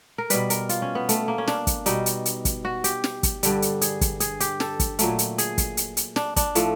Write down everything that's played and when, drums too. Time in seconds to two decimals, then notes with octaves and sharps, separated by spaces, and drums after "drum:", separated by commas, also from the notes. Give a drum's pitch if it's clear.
0.18 A#4
0.30 B2 G3 B4, drum: hi-hat
0.50 A#4, drum: hi-hat
0.69 F4, drum: hi-hat
0.82 C#4
0.95 B3
1.09 A3, drum: hi-hat
1.28 A#3
1.38 C#4
1.47 D4, drum: snare
1.67 drum: kick, hi-hat
1.86 B2 G3 D#4, drum: hi-hat
2.06 drum: hi-hat
2.25 drum: hi-hat
2.45 drum: kick, hi-hat
2.65 F#4
2.84 G4, drum: hi-hat
3.04 drum: snare
3.23 drum: kick, hi-hat
3.43 G2 D3 G3, drum: hi-hat
3.62 drum: hi-hat
3.81 G#4, drum: hi-hat
4.01 drum: kick, hi-hat
4.20 G#4, drum: hi-hat
4.40 G4, drum: hi-hat
4.60 A4, drum: snare
4.80 drum: kick, hi-hat
4.99 A#2 F#3 A3, drum: hi-hat
5.19 drum: hi-hat
5.38 G#4, drum: hi-hat
5.58 drum: kick, hi-hat
5.77 drum: hi-hat
5.97 drum: hi-hat
6.16 D4, drum: snare
6.36 D4, drum: kick, hi-hat
6.55 A2 F3 A3, drum: hi-hat